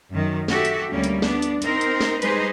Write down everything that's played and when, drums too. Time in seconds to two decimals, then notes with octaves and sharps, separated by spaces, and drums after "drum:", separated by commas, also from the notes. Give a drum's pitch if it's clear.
0.12 F#2 D#3
0.48 F#4 G4 A4 E5, drum: snare
0.65 drum: hi-hat
0.92 D2 G3 A#3 C#4
1.04 drum: hi-hat
1.22 B3 D4, drum: snare
1.42 drum: hi-hat
1.62 C4 D#4 A#4 C5, drum: hi-hat
1.81 drum: hi-hat
2.01 drum: snare
2.22 G3 G#3 D#4 G#4 B4 C5, drum: hi-hat